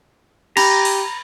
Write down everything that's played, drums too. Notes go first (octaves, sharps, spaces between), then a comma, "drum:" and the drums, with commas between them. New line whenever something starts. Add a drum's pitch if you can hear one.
G4 A#5 B5, drum: cymbal
drum: open hi-hat